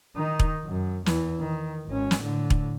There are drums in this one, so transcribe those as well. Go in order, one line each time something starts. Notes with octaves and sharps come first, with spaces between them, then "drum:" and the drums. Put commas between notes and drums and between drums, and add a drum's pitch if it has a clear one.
D#3 D#4
drum: kick E1
F#2
E2 E3, drum: snare
D#3
G#1 C#4
drum: snare
A2 D3
drum: kick E1